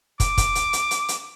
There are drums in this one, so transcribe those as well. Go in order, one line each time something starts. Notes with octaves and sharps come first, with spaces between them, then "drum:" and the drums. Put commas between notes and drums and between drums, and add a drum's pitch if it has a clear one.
D6, drum: kick, hi-hat
drum: kick, hi-hat
drum: hi-hat
drum: hi-hat
drum: hi-hat
drum: hi-hat